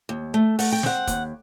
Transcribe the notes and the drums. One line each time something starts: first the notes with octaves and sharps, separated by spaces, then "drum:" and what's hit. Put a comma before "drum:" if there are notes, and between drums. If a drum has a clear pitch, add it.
D#2
A3
A3 F#5, drum: open hi-hat
G5
C4 F#5, drum: snare
D#2, drum: kick, hi-hat